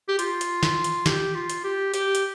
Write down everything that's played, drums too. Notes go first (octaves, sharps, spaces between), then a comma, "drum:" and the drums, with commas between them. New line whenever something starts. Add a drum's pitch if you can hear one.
G4
F4, drum: hi-hat
drum: hi-hat
drum: snare
drum: hi-hat
G4, drum: snare
F4
drum: hi-hat
G4
G4, drum: hi-hat
drum: hi-hat